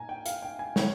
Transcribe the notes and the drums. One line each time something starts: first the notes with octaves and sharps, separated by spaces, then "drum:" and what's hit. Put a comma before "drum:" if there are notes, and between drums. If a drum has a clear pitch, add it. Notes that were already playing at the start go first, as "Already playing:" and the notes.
Already playing: A#2 G#5 A#5
G5
F5, drum: hi-hat
G5
G#5
C#5, drum: snare